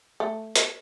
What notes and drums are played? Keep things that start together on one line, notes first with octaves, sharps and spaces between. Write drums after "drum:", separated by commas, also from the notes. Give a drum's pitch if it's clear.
A3
drum: hi-hat